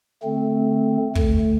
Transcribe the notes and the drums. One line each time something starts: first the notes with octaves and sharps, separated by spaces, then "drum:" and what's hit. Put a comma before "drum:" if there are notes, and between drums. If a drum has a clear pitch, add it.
D3 A3 C4
D2 D3 A3, drum: kick